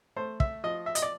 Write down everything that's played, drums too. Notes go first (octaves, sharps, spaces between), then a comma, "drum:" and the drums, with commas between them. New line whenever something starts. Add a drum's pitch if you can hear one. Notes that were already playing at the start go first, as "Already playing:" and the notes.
A3 C5
E5, drum: kick
F3 D#5
E5
D#5, drum: hi-hat
D5